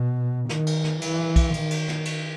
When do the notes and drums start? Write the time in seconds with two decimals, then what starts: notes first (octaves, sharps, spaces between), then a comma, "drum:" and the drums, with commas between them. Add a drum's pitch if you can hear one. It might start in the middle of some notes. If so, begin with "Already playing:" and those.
Already playing: B2
0.49 D#3, drum: snare
0.67 drum: cymbal
0.84 drum: snare
1.02 E3, drum: cymbal
1.36 drum: kick, cymbal
1.54 D#3, drum: cymbal
1.71 drum: cymbal
1.88 drum: snare
2.05 drum: cymbal